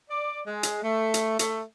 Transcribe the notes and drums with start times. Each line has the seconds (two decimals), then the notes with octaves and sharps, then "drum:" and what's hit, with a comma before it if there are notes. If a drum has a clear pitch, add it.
0.11 D5
0.46 G#3
0.63 drum: hi-hat
0.83 A3
1.14 drum: hi-hat
1.39 A3, drum: hi-hat